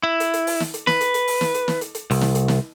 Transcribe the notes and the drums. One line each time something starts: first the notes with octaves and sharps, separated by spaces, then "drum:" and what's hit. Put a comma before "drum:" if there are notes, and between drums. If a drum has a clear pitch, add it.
E4
drum: hi-hat
drum: hi-hat
drum: open hi-hat
drum: snare
drum: hi-hat
B4, drum: snare
drum: hi-hat
drum: hi-hat
drum: open hi-hat
drum: snare
drum: hi-hat
drum: snare
drum: hi-hat
drum: hi-hat
C2, drum: open hi-hat
drum: snare
drum: hi-hat
drum: snare